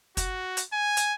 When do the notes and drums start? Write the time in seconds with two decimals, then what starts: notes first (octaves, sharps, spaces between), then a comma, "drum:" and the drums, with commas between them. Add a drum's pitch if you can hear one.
0.17 F#4, drum: kick, hi-hat
0.57 drum: hi-hat
0.73 G#5
0.97 drum: hi-hat